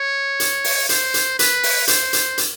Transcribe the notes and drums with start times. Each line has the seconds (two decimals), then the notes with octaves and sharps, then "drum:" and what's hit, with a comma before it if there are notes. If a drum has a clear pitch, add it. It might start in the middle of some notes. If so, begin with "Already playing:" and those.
Already playing: C#5
0.40 drum: hi-hat
0.64 drum: open hi-hat
0.89 C5, drum: hi-hat
1.14 drum: hi-hat
1.39 B4, drum: hi-hat
1.63 drum: open hi-hat
1.88 C5, drum: hi-hat
2.13 drum: hi-hat
2.38 drum: hi-hat